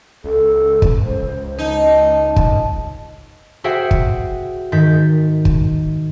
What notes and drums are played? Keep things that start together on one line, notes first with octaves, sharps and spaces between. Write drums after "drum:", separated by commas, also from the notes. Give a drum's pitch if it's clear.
C#2 A4
drum: kick
C5
D#4 A5
drum: kick
F#4 G#4 C5 E5 F#5 G5
drum: kick
G#2 D#3 G6 A6 B6
drum: kick